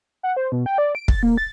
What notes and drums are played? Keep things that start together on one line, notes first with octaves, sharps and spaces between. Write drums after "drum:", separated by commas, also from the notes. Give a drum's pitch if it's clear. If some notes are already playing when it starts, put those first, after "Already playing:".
F#5
C5
B2
G5
D5
D7
A6, drum: kick
A#3
A6